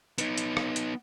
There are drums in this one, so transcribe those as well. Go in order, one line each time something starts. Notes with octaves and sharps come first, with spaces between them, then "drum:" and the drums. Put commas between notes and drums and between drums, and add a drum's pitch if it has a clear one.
B3 D#4, drum: hi-hat
drum: hi-hat
drum: rim click
drum: hi-hat